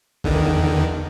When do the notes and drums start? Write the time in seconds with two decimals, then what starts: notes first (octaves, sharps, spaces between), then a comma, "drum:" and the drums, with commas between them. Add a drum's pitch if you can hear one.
0.24 E2 D3 D#3, drum: kick G1